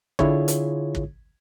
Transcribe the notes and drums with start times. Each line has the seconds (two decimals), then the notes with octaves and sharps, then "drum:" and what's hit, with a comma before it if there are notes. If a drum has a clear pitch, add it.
0.19 D3 E4 F4 G#4 C#5, drum: kick
0.48 drum: hi-hat
0.95 drum: kick